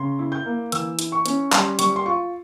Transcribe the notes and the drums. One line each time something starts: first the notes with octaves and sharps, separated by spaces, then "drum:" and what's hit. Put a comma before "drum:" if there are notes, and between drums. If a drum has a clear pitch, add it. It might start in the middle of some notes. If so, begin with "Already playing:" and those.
Already playing: C#3 C6
E4
G6
A#3
E3 E6, drum: hi-hat
E4, drum: hi-hat
C#6
C#4, drum: hi-hat
G3 C6, drum: clap
G3 C#6, drum: hi-hat
C6
F4 C#6